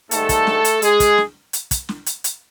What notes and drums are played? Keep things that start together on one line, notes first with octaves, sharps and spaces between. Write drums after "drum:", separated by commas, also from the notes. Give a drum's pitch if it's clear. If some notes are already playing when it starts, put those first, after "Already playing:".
G#2 D#3 G3 A3 A4, drum: hi-hat
drum: kick, hi-hat
drum: snare
drum: hi-hat
G#3 G#4, drum: hi-hat
drum: kick, hi-hat
drum: snare
drum: hi-hat
drum: kick, hi-hat
drum: snare
drum: hi-hat
drum: hi-hat